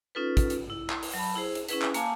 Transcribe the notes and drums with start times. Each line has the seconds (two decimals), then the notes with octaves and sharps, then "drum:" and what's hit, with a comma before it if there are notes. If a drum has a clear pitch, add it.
0.15 C#4 D#4 F4 A4 B4
0.37 drum: kick, hi-hat
0.50 drum: hi-hat
0.70 E4
0.90 drum: clap
1.03 drum: open hi-hat
1.14 F#3 A5 B5
1.36 E4 G#4 C5
1.55 drum: hi-hat
1.69 C#4 E4 G#4 B4, drum: hi-hat
1.82 drum: clap
1.94 A#3 F5 G#5 A5 D6, drum: hi-hat